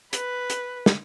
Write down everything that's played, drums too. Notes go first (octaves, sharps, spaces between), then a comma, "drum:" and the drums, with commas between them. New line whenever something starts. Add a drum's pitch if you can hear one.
B4, drum: hi-hat
drum: hi-hat
drum: snare